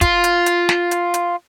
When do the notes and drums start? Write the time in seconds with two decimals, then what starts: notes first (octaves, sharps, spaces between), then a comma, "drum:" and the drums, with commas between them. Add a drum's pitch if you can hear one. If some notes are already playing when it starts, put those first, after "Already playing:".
0.01 F4, drum: kick, hi-hat
0.24 drum: hi-hat
0.46 drum: hi-hat
0.69 drum: snare
0.91 drum: hi-hat
1.14 drum: hi-hat